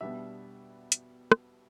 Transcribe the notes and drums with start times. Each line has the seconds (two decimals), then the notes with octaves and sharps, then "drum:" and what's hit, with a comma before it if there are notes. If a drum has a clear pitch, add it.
0.01 B2 G3 B3 D4 E5
0.92 drum: hi-hat
1.32 drum: rim click